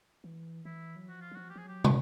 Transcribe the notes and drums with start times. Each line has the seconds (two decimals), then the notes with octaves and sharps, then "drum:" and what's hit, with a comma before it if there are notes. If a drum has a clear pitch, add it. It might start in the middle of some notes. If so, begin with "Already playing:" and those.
0.24 E3
0.65 E3 E4
0.96 F#3
1.09 F3 F#4
1.21 F4
1.31 F#3
1.35 F3 F#4
1.50 G4
1.56 F3 G#4
1.64 F#3 G4
1.84 E3, drum: tom